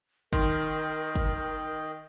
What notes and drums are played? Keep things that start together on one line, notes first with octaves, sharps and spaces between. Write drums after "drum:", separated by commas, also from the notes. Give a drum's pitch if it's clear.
D#3 D#4 A#4 D#5 G5 C6, drum: kick
drum: kick